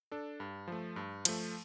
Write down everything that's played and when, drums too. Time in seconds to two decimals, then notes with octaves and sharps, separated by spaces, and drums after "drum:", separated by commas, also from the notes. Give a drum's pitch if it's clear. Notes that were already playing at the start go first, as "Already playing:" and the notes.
0.12 D4 A4
0.40 G2
0.68 F3 A3
0.96 G2
1.25 F3 A3, drum: cymbal